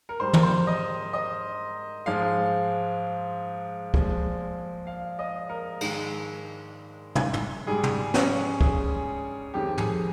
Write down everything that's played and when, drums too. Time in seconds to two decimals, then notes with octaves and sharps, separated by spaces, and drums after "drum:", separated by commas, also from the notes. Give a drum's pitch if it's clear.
0.09 A#4
0.20 G#2 G3 C5
0.33 A#4, drum: tom
0.43 C5
0.67 D#5
1.13 D#5
2.06 G#2 F3 G#3 F5
3.94 A#2 F3 G#3, drum: kick
4.87 F5
5.19 D#5
5.49 A#4
5.81 G#2 D#3 G#3, drum: cymbal
7.15 drum: tom
7.33 drum: tom A2
7.67 G#2 G3 G#4
7.83 drum: tom
8.14 C#4, drum: snare
8.61 G#4, drum: kick
9.54 F2 D#3 G#3 G4
9.78 G#4, drum: tom